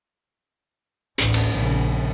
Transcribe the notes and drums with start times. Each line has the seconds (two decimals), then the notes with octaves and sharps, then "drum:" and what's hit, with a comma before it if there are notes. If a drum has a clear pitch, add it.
1.18 A1 D2, drum: hi-hat
1.34 drum: cymbal
1.54 A#1 C#3